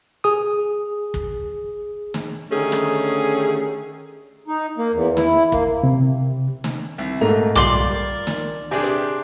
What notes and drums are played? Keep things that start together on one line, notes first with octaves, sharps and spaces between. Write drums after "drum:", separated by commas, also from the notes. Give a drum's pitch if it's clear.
G#4 D#6
drum: kick
drum: snare
D3 D#3 A3 C#4 G4 G#4
drum: rim click
D#4
A#3
E2
E4, drum: snare
A#3, drum: kick
C3
drum: snare
C2
G#2 A3 A#3 A#5
G3 F4 G4 D5 C6 D6, drum: tom B1
A#4
drum: snare
C3 D4 G4 G#4 G#5
drum: hi-hat